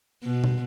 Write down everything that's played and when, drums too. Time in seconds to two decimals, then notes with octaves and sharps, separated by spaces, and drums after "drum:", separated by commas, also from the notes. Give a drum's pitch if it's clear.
0.23 B2
0.44 drum: tom